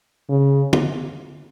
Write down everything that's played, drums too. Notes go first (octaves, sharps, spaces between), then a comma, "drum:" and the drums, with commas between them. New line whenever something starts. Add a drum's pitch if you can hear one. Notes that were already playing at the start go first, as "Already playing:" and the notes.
C#3
drum: tom